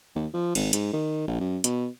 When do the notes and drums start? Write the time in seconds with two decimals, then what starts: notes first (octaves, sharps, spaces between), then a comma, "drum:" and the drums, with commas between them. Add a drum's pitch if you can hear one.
0.15 D#2
0.34 F3
0.55 G#1, drum: cymbal
0.73 G#2, drum: hi-hat
0.93 D#3
1.28 A#1
1.40 F#2
1.64 B2, drum: hi-hat